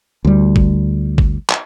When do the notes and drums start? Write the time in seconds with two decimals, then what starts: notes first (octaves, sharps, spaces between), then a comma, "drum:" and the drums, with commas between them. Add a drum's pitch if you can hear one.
0.25 D2 G3
0.56 drum: kick
1.18 drum: kick
1.49 drum: clap